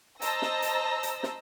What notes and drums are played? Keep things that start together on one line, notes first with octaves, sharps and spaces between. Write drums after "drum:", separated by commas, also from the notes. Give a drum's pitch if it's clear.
C5 D#5 A5 A#5 E6 A#6, drum: hi-hat
drum: snare
drum: hi-hat
drum: hi-hat
drum: snare